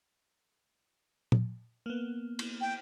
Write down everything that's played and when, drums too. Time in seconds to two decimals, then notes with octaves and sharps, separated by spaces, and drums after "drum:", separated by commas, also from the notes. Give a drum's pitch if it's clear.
1.32 drum: tom A#2
1.86 A#3 B3
2.39 drum: cymbal
2.61 G5